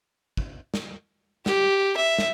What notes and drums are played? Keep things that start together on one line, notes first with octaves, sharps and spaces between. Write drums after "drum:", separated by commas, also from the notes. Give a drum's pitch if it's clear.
drum: kick
drum: snare
G4, drum: snare
E5
drum: snare